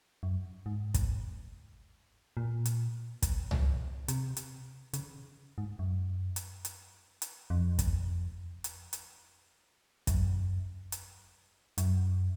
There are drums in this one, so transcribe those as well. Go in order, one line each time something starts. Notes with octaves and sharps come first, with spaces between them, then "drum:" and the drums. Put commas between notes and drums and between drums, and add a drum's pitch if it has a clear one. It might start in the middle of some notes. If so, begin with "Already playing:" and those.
F#2
G#2
drum: kick, hi-hat
A#2
drum: hi-hat
drum: kick, hi-hat
drum: tom C2
C3, drum: hi-hat
drum: hi-hat
C#3, drum: hi-hat
G#2
F#2
drum: hi-hat
drum: hi-hat
drum: hi-hat
F2
drum: kick, hi-hat
drum: hi-hat
drum: hi-hat
F#2, drum: kick, hi-hat
drum: hi-hat
F#2, drum: hi-hat